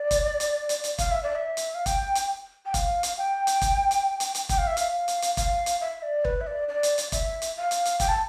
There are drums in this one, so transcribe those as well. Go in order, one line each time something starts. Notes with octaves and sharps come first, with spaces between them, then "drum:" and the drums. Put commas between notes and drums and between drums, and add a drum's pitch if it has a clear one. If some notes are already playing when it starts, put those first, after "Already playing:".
Already playing: D5
drum: kick, hi-hat
drum: hi-hat
drum: hi-hat
drum: hi-hat
F5, drum: kick, hi-hat
E5
D5
E5
drum: hi-hat
F5
G5, drum: kick, hi-hat
drum: hi-hat
G5
F5, drum: kick, hi-hat
drum: hi-hat
G5
drum: hi-hat
drum: kick, hi-hat
drum: hi-hat
drum: hi-hat
drum: hi-hat
G5, drum: kick, hi-hat
F5
E5
F5, drum: hi-hat
drum: hi-hat
drum: hi-hat
F5, drum: kick, hi-hat
drum: hi-hat
E5
D5
B4, drum: kick
E5
D5
D5
drum: hi-hat
drum: hi-hat
E5, drum: kick, hi-hat
drum: hi-hat
F5
drum: hi-hat
drum: hi-hat
G5, drum: kick, hi-hat
A5